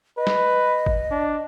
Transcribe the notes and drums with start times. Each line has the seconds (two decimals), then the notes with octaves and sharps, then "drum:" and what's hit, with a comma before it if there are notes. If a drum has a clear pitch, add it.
0.18 B4 D#5
0.27 drum: snare
0.86 drum: kick G1
1.11 D4